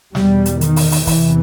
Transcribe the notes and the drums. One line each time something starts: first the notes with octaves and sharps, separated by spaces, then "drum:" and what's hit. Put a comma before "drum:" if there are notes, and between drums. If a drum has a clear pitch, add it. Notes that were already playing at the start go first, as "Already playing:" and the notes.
E2 B2 G3, drum: snare
drum: hi-hat
D#3, drum: hi-hat
drum: open hi-hat
drum: open hi-hat
E2 C3 E3, drum: kick, open hi-hat